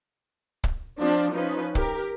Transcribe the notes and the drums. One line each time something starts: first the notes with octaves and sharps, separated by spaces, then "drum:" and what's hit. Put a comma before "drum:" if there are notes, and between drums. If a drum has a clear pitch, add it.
drum: kick
F3 C4 D4
F3 C#4 D#4 B4
G4 A#4, drum: kick